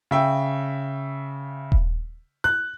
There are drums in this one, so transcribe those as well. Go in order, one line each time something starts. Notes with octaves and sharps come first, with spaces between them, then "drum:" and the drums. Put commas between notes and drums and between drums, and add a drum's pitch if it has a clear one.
C#3 E5 G5
drum: kick D#1
F#6